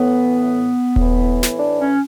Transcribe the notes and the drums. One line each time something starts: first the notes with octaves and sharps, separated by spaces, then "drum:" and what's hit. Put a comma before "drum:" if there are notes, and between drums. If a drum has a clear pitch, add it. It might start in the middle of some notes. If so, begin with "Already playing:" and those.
Already playing: A2 E3 B3
A2 E3, drum: kick D#1
drum: snare
D4
C#4